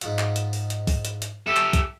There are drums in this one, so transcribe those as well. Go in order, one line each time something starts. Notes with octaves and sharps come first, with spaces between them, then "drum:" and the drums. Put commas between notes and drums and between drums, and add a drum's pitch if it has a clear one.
G#2 F3 F#5, drum: hi-hat
drum: clap
drum: hi-hat
drum: open hi-hat
drum: hi-hat
drum: kick, open hi-hat
drum: hi-hat
drum: hi-hat
E4 G4 A4
drum: clap
drum: kick, hi-hat